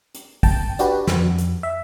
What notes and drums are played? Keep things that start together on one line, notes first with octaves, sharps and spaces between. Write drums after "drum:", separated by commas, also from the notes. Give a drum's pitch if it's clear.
drum: hi-hat
G5 A5, drum: kick, open hi-hat
D4 F#4 G4 B4, drum: hi-hat
F2, drum: snare
drum: hi-hat
E5